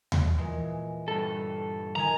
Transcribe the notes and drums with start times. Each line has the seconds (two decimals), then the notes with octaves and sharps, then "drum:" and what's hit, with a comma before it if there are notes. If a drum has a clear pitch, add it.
0.12 drum: tom D#2
0.38 A#2 E3 G#3
1.08 G2 A4
1.96 D#3 G#5 A#5